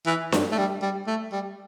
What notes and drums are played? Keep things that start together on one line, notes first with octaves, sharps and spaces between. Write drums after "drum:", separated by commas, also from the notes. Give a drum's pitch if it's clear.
E3
G2, drum: snare D4
A3
G3
G3
A3
G3